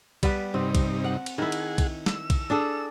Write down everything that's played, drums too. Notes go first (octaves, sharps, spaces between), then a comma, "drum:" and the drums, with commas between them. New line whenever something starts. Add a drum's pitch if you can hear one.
G3 B3 B4, drum: kick B1, cymbal
G2 C3 C4 D#4
drum: kick B1, cymbal
F#5
drum: cymbal
D#3 E4 G#4 F#5
drum: cymbal
drum: kick B1, cymbal
E6, drum: snare
drum: kick B1, cymbal
D4 G#4 A4